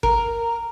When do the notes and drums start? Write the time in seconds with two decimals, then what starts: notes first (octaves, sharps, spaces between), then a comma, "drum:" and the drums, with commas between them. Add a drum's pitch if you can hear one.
0.03 A#4, drum: kick G#1